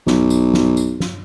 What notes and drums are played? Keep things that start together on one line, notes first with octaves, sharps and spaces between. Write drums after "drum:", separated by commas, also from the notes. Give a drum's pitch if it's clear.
B1, drum: snare
drum: tambourine
drum: snare
drum: tambourine
drum: snare